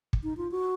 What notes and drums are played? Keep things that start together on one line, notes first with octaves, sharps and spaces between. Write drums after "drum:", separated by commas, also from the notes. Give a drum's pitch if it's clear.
drum: kick
D#4
F4
F#4